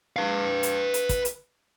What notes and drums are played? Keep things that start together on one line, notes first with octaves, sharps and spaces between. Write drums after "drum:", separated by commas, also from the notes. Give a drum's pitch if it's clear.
B4 F5
drum: hi-hat
drum: hi-hat
drum: kick, hi-hat
drum: hi-hat